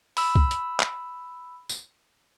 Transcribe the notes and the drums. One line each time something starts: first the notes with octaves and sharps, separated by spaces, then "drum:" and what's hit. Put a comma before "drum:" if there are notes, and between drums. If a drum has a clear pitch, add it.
B5 E6, drum: open hi-hat
drum: kick C2
drum: hi-hat
drum: clap
drum: tambourine